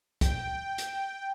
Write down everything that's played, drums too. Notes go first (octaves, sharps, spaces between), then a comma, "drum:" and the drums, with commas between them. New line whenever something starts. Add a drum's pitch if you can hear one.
G5, drum: kick, hi-hat
drum: hi-hat